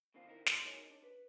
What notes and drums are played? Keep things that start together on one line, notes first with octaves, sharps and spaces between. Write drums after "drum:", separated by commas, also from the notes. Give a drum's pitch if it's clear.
B2 D3 F3 C4 F4
D3 D#4 E4 A#4
C#2 A2 C3 A4 C6, drum: snare
D#4 F#4 G#4 A#4 C#5 D#5
D4
B4